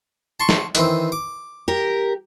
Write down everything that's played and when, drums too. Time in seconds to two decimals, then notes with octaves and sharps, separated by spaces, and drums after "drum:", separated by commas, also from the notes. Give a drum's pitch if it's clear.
0.40 A5 C6 C#6
0.49 drum: snare
0.75 D#3 E3 C4, drum: hi-hat
1.12 D6
1.68 G4 A#4